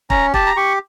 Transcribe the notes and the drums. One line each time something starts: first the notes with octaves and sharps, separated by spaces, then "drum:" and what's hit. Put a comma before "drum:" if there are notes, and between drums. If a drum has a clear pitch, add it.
C#4 A#5, drum: kick
G4 A5, drum: kick
A#5
G4 C#6